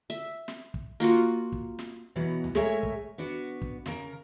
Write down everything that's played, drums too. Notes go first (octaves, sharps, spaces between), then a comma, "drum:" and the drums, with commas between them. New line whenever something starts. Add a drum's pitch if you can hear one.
E5
drum: snare
drum: kick
A#3 F4 F#4 F#5
drum: kick
drum: snare
B2 E3 F#3 B3
drum: tom C#2
G#3 A3 A#4 C#5 E5 G#5, drum: snare
drum: kick
B3 D4 F#4
drum: kick
C#3 A#4, drum: snare